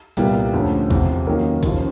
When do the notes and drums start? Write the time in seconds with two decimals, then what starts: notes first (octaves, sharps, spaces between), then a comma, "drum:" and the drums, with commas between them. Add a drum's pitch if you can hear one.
0.17 C2 A#2 G3 B3 E4, drum: hi-hat
0.54 D2 D3 F3 A3 C#4
0.90 E2 C3 F3, drum: kick A1
1.27 D#3 F#3 A#3 C#4
1.63 D#2 C#3 F3, drum: kick A1, hi-hat